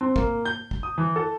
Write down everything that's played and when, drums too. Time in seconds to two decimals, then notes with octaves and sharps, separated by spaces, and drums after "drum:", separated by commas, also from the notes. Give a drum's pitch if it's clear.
0.01 C4
0.16 A#3, drum: kick
0.45 G6
0.71 drum: kick
0.83 D#6
0.98 E3
1.16 A4